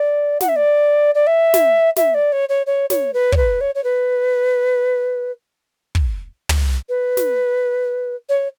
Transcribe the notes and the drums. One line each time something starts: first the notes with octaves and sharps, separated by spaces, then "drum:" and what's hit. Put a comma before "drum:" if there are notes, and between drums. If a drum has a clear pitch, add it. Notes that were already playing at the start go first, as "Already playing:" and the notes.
Already playing: D5
F#5, drum: snare
E5
D5
D5
E5
drum: snare
E5, drum: snare
D5
C#5
C#5
C#5
C#5, drum: snare
B4
C#5, drum: kick
B4
C#5
C#5
B4
drum: kick
drum: tom
B4
drum: snare
C#5